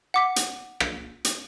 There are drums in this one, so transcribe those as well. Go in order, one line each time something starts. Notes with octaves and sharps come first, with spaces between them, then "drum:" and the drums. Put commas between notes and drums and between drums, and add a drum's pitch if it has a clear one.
F#5 D6 B6
drum: hi-hat
drum: rim click
drum: hi-hat